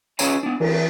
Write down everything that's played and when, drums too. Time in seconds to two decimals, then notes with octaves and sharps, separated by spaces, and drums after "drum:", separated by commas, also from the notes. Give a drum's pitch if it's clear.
0.19 C#4 G#4 B4 C#5 F5 A#5, drum: tambourine
0.43 B3 D4
0.60 E3, drum: cymbal